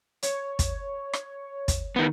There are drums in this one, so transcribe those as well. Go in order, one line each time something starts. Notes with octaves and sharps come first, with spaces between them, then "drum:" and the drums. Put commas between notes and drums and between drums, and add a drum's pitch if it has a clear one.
C#5, drum: hi-hat
drum: kick, hi-hat
drum: rim click
drum: kick, hi-hat
D#3 B3